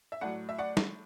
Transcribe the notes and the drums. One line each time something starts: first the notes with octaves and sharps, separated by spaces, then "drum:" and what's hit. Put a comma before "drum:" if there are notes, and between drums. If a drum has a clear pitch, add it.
E5
A2 F#3 D5 F#5
E5
D5 F#5
drum: snare